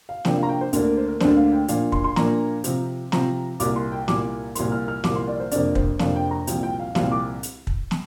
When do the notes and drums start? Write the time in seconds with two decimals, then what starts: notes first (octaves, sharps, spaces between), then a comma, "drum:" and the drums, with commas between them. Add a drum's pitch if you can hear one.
0.09 F5
0.25 C3 F3 A#3 D4 G5, drum: snare
0.37 F5
0.43 A#5
0.49 G5
0.61 C5
0.73 D2 D3 A#3 D4 A#4, drum: hi-hat
0.85 A#4
0.97 C5
1.08 A#4
1.20 D2 D3 A#3 D4 C5, drum: snare
1.37 F5
1.53 G5
1.68 A#2 F3 A#3 D4 F5, drum: hi-hat
1.92 C6, drum: kick
2.04 C6
2.16 A#2 F3 A#3 D4 A#5, drum: snare
2.64 C3 F3 C4, drum: hi-hat
3.12 C3 F3 C4 A#5, drum: snare
3.60 C2 A#2 A#3 D6, drum: hi-hat
3.76 C6
3.92 G5
4.08 C2 A#2 A#3 D6, drum: snare
4.55 C2 A#2 F3 A#3 C6, drum: hi-hat
4.72 F6
4.88 F6
5.04 C2 A#2 F3 A#3 D6, drum: snare
5.16 C6
5.28 D5
5.40 C5
5.51 F2 C3 A#3 D4 D5, drum: hi-hat
5.75 C5, drum: kick
5.99 F2 C3 A#3 D4 F5, drum: snare
6.16 G5
6.31 A#5
6.47 C2 A#2 F3 C4 G5, drum: hi-hat
6.63 G5
6.79 F5
6.95 C2 A#2 F3 C4 F5, drum: snare
7.12 D6
7.43 drum: hi-hat
7.67 drum: kick
7.91 drum: snare